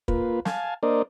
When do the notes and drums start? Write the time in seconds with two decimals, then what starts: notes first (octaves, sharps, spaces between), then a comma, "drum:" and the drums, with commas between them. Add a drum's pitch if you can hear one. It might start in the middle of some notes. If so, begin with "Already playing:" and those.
0.08 A#3 F4 B4, drum: kick
0.45 F5 G#5 A5, drum: snare
0.83 A#3 D4 A#4 C5 D5 D#5